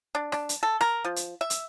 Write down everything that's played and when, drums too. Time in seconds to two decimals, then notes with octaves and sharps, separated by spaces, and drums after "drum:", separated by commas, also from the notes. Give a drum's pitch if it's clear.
0.15 D4
0.32 D4, drum: rim click
0.49 drum: hi-hat
0.63 A4
0.81 A#4, drum: rim click
1.05 F3
1.16 drum: hi-hat
1.41 E5
1.50 drum: hi-hat